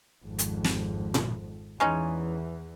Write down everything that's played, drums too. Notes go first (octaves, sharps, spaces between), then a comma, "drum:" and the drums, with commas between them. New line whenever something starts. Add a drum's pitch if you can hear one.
G#1 F2
drum: hi-hat
drum: snare
drum: tom A#2
E2 E3 G#3 C#4 D#4